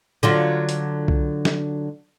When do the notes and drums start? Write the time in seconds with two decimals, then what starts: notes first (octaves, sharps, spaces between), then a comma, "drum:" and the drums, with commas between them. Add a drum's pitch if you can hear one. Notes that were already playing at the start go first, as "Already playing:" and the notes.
0.23 D3 F#3 F4
0.69 drum: hi-hat
1.08 drum: kick B1
1.45 drum: snare